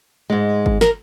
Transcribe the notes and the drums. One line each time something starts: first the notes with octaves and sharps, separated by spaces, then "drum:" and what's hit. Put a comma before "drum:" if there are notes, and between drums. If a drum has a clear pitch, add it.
G#2 G#3
drum: kick G1
A#4, drum: snare